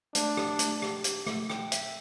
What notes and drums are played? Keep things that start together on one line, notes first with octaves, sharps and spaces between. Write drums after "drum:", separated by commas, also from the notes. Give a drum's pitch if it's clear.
A3 D4, drum: hi-hat
G4, drum: rim click
A3, drum: hi-hat
G4, drum: rim click
G4, drum: hi-hat
A3, drum: rim click
G5, drum: rim click
E5, drum: hi-hat